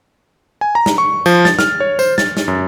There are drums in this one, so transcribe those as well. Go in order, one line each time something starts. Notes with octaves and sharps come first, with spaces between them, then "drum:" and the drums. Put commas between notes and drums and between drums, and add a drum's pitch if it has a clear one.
G#5
A#5
drum: snare
C#6
F3, drum: tambourine
A6, drum: snare
F6, drum: snare
C#5
C5, drum: tambourine
A6, drum: snare
drum: snare
F#2